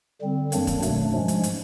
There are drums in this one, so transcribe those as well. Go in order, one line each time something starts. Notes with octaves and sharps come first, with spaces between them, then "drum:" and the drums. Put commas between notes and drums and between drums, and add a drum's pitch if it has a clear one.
D3 G3 C4
F#2 D#3 F#3 A#3 D4, drum: hi-hat
drum: kick, hi-hat
B2 F#3 A3 D4, drum: hi-hat
G#2 F3 G#3 C#4
drum: hi-hat
drum: hi-hat